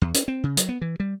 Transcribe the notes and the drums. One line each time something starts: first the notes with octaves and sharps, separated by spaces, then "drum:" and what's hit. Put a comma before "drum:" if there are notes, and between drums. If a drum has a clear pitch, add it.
E2
C#4, drum: hi-hat
C4
C#3
F#3, drum: hi-hat
B3
E3
G3